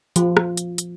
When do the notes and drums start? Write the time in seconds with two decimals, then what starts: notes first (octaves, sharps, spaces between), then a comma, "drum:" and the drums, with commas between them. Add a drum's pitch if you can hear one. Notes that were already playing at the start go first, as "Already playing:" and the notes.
0.16 F3, drum: hi-hat
0.37 drum: rim click
0.57 drum: hi-hat
0.78 drum: hi-hat